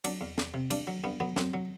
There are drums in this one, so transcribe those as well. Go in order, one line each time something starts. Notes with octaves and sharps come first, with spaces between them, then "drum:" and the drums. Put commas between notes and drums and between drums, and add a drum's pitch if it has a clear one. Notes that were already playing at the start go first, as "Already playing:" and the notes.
F#3 D4, drum: cymbal
E2
E2, drum: snare
C3
G2 D4, drum: cymbal
F#3
G2 B3
F#3 B3
F#2 C4, drum: snare
F#3